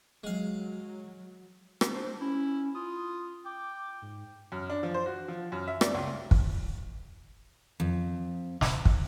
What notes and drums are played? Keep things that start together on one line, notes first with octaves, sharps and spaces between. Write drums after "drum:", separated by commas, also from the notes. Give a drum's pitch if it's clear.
F#3 G#3 F5
drum: rim click
D4 C5
C#4 E4
F4 D#6
G5 D6
G#2
F#2
D4
F3
C5
F#4
F3
F#2
E5
D5, drum: rim click
C#2
drum: kick
F2
drum: snare
drum: kick